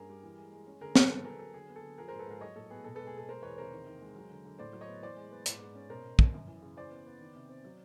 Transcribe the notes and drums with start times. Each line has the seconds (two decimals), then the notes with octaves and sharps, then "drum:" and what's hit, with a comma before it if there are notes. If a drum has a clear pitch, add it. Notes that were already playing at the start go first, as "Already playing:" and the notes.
Already playing: G2 C#4 G#4 A#4
0.10 G3
0.23 E3
0.38 G#3
0.52 G#3
0.67 C#4
0.81 D3 G#4 A#4
0.95 D3 A4 B4, drum: snare
1.10 F#3 A4 B4
1.25 F#3 G#4 A#4
1.39 F#3 A4
1.54 D3 G#4
1.69 B3
1.76 A4
1.83 D3
1.98 F3 G#4 A#4
2.08 A#4 C5
2.13 G#2
2.19 A4 B4
2.27 G#2 G#4 A#4
2.41 F#3 C#5 D#5
2.55 A2 A4
2.70 B3 G#4
2.84 B2 A4
2.95 A4 B4
2.99 G#3
3.07 G#4
3.13 B2 A4
3.29 G#3 A#4 C5
3.42 E2 B4 C#5
3.58 C3 A#4 C5
3.72 D#3
3.87 D#3
4.02 G#3
4.16 F#3
4.29 D3
4.45 D3
4.58 A2 C5 D5
4.73 F#3
4.81 C#5 D#5
4.88 B3
5.02 E3 C5 D5
5.17 G#3
5.31 B3
5.46 G#2, drum: hi-hat
5.61 G#2
5.75 C#4
5.89 B2 A#4 C5
6.05 B2
6.19 B2, drum: kick
6.34 F#2
6.47 E3
6.62 C#3
6.77 E3 C5 D5
6.91 B3
7.06 B3
7.20 D#3
7.35 C3
7.49 C4
7.65 F#3